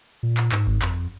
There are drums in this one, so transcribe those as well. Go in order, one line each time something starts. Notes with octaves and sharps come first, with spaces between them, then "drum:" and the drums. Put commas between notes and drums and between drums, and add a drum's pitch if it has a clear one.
A#2
drum: clap
G#2, drum: clap
drum: kick G1
F2, drum: clap